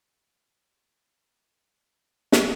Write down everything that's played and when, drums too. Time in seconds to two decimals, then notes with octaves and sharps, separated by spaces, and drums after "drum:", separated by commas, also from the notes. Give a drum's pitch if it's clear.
0.16 A#3
1.04 C5
2.32 drum: snare